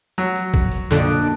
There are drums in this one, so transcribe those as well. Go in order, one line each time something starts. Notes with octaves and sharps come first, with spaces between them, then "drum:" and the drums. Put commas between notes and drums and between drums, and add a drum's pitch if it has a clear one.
F#3 F#4, drum: tambourine
drum: tambourine
drum: kick, tambourine
drum: tambourine
F2 A#2 D3 D4 D#5, drum: tambourine
drum: tambourine